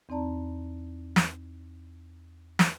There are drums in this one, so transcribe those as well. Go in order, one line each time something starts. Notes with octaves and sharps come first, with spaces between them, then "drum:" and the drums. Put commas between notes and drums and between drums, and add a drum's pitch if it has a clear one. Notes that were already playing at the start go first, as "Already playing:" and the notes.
E2 C4 D#4 D5 A5 A#5
drum: snare
drum: snare